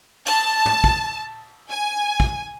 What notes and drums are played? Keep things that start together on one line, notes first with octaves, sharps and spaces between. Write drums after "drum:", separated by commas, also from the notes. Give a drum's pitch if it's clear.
A5, drum: cymbal
drum: tom
drum: kick
G#5
drum: kick